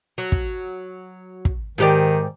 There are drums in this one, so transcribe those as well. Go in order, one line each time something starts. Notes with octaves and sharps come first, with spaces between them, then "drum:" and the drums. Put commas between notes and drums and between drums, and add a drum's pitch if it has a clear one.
F#3
drum: kick
drum: kick
G#2 D#3 G4 D5